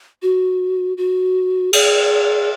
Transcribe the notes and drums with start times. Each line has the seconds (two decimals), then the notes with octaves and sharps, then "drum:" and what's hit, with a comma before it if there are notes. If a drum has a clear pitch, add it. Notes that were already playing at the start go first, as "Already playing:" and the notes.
0.22 F#4
0.97 F#4
1.73 G#4, drum: cymbal